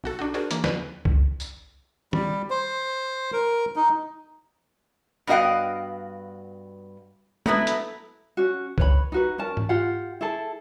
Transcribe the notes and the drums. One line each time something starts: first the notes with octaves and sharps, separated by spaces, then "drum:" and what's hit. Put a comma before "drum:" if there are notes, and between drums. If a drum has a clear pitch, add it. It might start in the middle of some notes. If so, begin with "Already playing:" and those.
B1 F#4 A4
D4 D#4 F#4
D4 F#4 G#4 A#4 C5 D5
E3 A#3, drum: hi-hat
D#2 B4, drum: snare
drum: kick C2
drum: tambourine
G3, drum: tom
C5
A#4
D#4
G2 B3 F#4 D#5 F5 G5
F#3 A3 B3 C#4 E4, drum: tom
drum: hi-hat
C#4 F#4
B4 C#5 B5, drum: kick C2
D#4 F#4 B4
C#4 A#4 A5
drum: tom G#2
F4 G4 F#5
E4 G#4 A4 A5